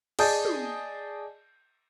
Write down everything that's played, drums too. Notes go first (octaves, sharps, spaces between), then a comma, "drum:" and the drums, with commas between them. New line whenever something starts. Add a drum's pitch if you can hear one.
G#4 D5 D#5 A5 D#6 G6, drum: cymbal
drum: tom